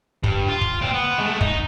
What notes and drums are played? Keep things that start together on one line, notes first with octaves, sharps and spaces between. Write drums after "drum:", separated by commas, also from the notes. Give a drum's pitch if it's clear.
G2, drum: kick
F4
drum: kick
A#2 C4
B3
G#3 A3
D#4, drum: kick